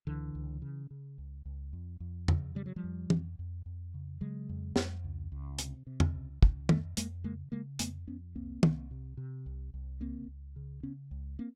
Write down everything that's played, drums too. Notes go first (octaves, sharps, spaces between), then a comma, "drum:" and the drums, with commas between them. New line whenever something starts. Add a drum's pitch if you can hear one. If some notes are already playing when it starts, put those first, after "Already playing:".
C#2 D3 E3
C#2
C#3
C#3
C#2
C#2
F2
F2
C#3, drum: tom
C#3 G3
F#3
F3 G3
F2
F2, drum: tom
F2
F2
C#3
C#3 F#3 G#3
F2
F2, drum: snare
C#2
C#2
C3, drum: hi-hat
C3
drum: tom
C#2
C#2, drum: kick
F2 G3 A3, drum: tom
F2 G#3 A#3, drum: hi-hat
C#3 G#3 A#3
C#3 G#3 A#3
F2 A3 B3, drum: hi-hat
F2 B3 C#4
C2 A#3 C4
C2, drum: tom
C3
C3
C2
C2
C#2 A#3 C4
C#2
C#3
C#3 B3 C#4
C#2
A#3 C4